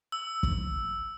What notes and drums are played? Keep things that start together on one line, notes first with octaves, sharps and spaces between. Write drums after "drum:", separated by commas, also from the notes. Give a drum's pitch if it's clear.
E6
drum: kick